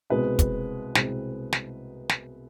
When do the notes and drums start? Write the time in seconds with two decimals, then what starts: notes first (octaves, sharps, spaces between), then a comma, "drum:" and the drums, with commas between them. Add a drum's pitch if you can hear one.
0.10 C2 B2 G#3 C4 B4
0.39 drum: kick, hi-hat
0.95 C2 B2 G#3 C4, drum: snare
1.53 drum: snare
2.09 drum: snare